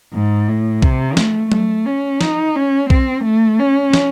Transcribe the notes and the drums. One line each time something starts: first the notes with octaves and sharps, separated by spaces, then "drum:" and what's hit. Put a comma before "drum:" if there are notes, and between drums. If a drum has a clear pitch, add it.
G#2
A2
C3, drum: kick B1
A3, drum: snare
A3, drum: tom F#3
C#4
D#4, drum: snare
C#4
C4, drum: kick B1
A3
C#4
drum: snare